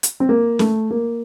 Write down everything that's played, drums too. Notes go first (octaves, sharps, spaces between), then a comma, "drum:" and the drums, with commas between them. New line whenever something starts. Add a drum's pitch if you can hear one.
drum: hi-hat
C4
A#3
A3, drum: snare C#4
A#3